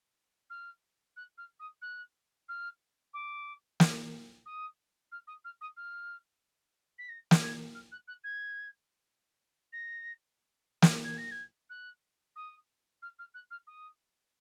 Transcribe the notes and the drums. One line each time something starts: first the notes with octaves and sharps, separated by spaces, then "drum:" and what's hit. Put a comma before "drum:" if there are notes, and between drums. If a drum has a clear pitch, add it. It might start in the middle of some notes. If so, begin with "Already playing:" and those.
F6
F#6
F6
D#6
F#6
F6
D6
drum: snare
D#6
F6
D#6
F6
D#6
F6
B6
A#6
drum: snare
G#6
F6
F#6
F#6
G#6
A#6
drum: snare
G#6
A#6
G#6
F#6
D#6
F6
F6
F#6
F6
D#6